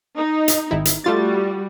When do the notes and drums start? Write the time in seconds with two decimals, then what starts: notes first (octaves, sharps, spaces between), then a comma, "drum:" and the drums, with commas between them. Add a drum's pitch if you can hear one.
0.17 D#4
0.48 drum: hi-hat
0.71 G#1 D#3 E4
0.85 drum: hi-hat
1.04 G3 A3 F4 F#4 A6